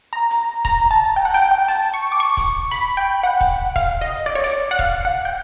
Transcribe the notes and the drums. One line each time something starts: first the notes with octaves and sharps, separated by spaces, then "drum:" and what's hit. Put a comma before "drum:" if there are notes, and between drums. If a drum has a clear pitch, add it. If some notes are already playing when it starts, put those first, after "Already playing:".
A#5
drum: hi-hat
A#5, drum: kick C#1, hi-hat
A5
G5
F#5
G5, drum: hi-hat
G5
A5, drum: hi-hat
C#6
D6
C#6
drum: kick C#1, hi-hat
B5, drum: hi-hat
G5
F#5
drum: kick C#1, hi-hat
F5, drum: kick C#1, hi-hat
D#5
D5
C#5
D5, drum: hi-hat
F#5
F5, drum: kick C#1, hi-hat
F#5
G5